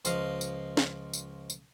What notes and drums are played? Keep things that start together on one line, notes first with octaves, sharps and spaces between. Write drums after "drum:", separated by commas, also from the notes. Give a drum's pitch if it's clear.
C#2 F3 D#5 F5, drum: tambourine
drum: tambourine
drum: snare
drum: tambourine
drum: tambourine